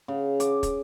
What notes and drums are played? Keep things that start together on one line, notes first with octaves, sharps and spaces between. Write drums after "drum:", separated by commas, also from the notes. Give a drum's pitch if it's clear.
C#3
D6, drum: hi-hat
drum: kick, hi-hat